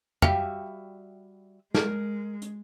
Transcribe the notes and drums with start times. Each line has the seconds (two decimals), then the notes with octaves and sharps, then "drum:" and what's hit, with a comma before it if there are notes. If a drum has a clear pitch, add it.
0.22 G3 F#4 G4 E5 F5 G5, drum: tom
1.74 G#3 A#4, drum: snare
2.42 drum: hi-hat